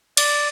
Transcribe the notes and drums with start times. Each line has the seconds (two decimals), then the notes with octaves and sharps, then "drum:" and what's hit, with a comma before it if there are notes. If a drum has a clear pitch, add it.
0.17 D5, drum: cymbal